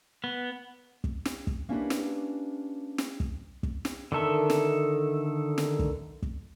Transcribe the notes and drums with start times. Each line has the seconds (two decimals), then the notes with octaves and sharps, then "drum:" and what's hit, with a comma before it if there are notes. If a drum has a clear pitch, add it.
0.24 B3
1.04 drum: kick
1.25 drum: snare
1.47 drum: kick
1.69 A#3 C#4 D4 E4 G4 B4
1.90 drum: snare
2.98 drum: snare
3.20 drum: kick
3.63 drum: kick
3.85 drum: snare
4.12 D3 D#3 A4 E5
4.50 drum: snare
5.58 drum: snare
5.79 drum: kick
6.22 drum: kick